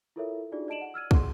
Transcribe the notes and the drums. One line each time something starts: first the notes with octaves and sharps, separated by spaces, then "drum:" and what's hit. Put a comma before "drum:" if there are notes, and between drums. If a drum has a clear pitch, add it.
E4 F4 A4 A#4 C#5 E5
D4 D#4 F4 F#4 G#4 D5
D5 D#5 A5 D7 E7 F#7
F#5
E6 F6 G#6 D#7
G#4 F#5 C6, drum: kick